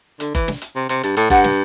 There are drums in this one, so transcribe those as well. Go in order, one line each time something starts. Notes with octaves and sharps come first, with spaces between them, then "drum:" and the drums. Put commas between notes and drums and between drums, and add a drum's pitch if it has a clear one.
D3, drum: hi-hat
E3, drum: kick F#1, hi-hat
drum: snare
drum: hi-hat
C3
C3, drum: hi-hat
G2, drum: hi-hat
A2, drum: hi-hat
G2 F#5, drum: kick F#1, hi-hat
drum: snare